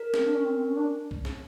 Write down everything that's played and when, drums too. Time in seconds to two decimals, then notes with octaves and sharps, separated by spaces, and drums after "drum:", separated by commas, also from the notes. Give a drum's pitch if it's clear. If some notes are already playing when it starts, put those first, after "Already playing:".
Already playing: A#4
0.14 C4, drum: snare
0.24 D4
0.35 C#4
0.45 C4
0.56 C4
0.66 C#4
0.76 D4
1.11 drum: kick B1
1.25 drum: snare